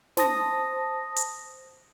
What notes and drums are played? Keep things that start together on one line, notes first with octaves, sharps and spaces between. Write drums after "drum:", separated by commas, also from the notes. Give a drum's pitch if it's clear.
C5 A5 D#6 A#6, drum: snare
drum: hi-hat